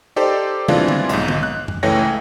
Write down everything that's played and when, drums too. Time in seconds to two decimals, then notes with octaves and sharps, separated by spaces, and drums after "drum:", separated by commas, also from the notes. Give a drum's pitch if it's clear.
0.16 D#4 G4 A4 C5 D5
0.68 E3 G3 G#3 C4 D4 F4, drum: tom
0.88 drum: tom
1.09 B1 G#2, drum: hi-hat
1.28 drum: tom
1.43 F#6
1.68 drum: tom
1.83 C#2 E3 A3 C#5 G5 A#6